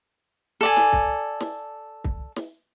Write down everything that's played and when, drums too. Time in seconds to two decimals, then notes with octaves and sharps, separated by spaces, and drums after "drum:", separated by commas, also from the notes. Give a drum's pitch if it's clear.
0.61 A4 D5 G#5
0.77 drum: snare
0.93 drum: kick C2
1.41 drum: snare
2.04 drum: kick C2
2.36 drum: snare